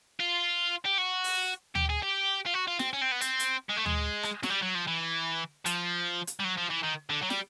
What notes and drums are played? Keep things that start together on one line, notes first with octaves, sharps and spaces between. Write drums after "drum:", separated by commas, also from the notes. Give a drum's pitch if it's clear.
F4
G4
F#4
drum: open hi-hat
G4, drum: tom D2
G#4
G4
F4
F#4
F4
C4, drum: snare
C#4
C4
B3
C4, drum: hi-hat
drum: hi-hat
G#3
A3
G#3, drum: tom D2
drum: rim click
F#3, drum: snare
G3
F#3
F3
E3
F3, drum: hi-hat
drum: hi-hat
G3
F#3
F3
E3
D#3
D3
F#3
G3, drum: snare